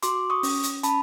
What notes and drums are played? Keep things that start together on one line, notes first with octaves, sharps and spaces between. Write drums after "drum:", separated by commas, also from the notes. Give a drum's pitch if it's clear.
F#4 C6 D6, drum: hi-hat
C#6 D#6
C#4, drum: open hi-hat
drum: hi-hat
C#4 A5 B5, drum: hi-hat